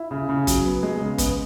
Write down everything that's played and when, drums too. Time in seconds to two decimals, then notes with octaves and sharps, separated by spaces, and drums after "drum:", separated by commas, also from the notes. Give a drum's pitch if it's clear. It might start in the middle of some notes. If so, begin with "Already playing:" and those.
Already playing: E4
0.11 C#3
0.29 C#3
0.47 F#3, drum: kick, hi-hat
0.66 B3
0.83 G#3
1.01 C#3
1.18 B3, drum: kick, hi-hat